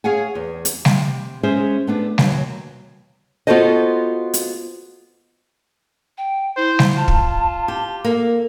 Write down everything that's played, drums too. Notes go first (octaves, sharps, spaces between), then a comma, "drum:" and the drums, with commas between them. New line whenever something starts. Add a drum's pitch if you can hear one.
G#4 C#5 F5 F#5 G#5
E2
drum: hi-hat
C3, drum: snare G3
G#3 C#4 G#4 C5 E5
A3 B3 D4
D#2 B2 F#3, drum: snare G3
B3 F4 F#4 A4 C5 D#5
drum: hi-hat
G5
E4 C5
drum: snare G3
F4 A5
drum: kick
G4
A#3 A4